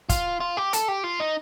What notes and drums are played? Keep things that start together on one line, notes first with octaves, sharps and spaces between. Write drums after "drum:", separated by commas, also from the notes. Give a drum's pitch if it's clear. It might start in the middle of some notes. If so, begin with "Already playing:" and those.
F4, drum: kick, hi-hat
F4
G4
A4, drum: hi-hat
G4
F4
D#4